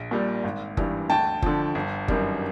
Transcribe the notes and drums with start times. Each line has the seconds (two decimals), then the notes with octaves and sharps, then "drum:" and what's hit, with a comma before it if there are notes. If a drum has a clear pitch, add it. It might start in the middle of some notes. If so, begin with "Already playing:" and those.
Already playing: A#1
0.11 A#2 G3
0.44 G#1
0.77 G2 E3 G3, drum: kick F#1
1.10 D2 G5 A5
1.42 D3 F3, drum: kick F#1
1.75 G1
2.08 F#2 D#3 G3, drum: kick F#1